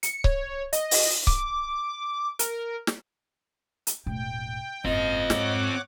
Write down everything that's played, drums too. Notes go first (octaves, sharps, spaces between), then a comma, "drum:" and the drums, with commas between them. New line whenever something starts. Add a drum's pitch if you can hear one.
C#7, drum: hi-hat
C#5, drum: kick C#1
D#5, drum: hi-hat
drum: open hi-hat
D6, drum: kick C#1
A#4, drum: hi-hat
drum: snare
drum: hi-hat
E1 A2 G5
F#1 G#2 C4 F4 D#5
G#2 C#5 F#5 D6, drum: snare